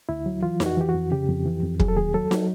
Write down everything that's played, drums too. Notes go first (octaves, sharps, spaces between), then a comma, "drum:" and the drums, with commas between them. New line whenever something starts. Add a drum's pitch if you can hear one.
D2 E4
F#3
E3 F4
F2, drum: snare D#4
F#4
E3 G4
F#4
F2
C#3 G4
F2
E3
F2
F#3 G#4, drum: kick
A4
D#2 G#4
F#3 A4
F#3, drum: snare D#4